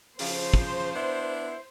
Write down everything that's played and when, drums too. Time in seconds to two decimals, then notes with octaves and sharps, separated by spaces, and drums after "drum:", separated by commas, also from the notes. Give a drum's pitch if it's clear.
0.19 C#3 F3 C5, drum: open hi-hat
0.54 drum: kick
0.94 B3 D4 E4